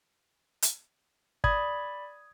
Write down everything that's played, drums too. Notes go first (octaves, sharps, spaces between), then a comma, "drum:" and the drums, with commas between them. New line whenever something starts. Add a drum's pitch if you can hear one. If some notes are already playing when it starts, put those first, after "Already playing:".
drum: hi-hat
D5 B5 D#6 G#6, drum: kick